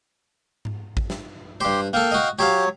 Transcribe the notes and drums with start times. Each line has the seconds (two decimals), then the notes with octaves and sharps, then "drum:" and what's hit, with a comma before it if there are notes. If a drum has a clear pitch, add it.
0.65 drum: tom G#2
0.97 drum: kick
1.10 drum: snare
1.61 G2 G4 C5 C6
1.93 A#3 A4 F5 G5
2.11 F#4 D#5
2.39 F#3 G4 C5 C#5 F5